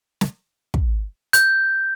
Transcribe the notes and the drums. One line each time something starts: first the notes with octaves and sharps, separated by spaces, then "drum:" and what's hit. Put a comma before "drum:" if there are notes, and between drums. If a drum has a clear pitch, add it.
drum: snare
drum: kick
G6, drum: hi-hat